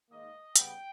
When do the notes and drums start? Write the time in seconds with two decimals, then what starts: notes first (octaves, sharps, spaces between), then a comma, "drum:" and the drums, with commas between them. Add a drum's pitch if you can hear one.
0.10 G#2 D#3 A#3 D#5
0.56 C#3 G3 B3 G5, drum: hi-hat